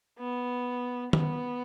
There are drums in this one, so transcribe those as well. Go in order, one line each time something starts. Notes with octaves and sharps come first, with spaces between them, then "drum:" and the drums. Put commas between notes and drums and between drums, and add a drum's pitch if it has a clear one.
B3
B3, drum: tom D#3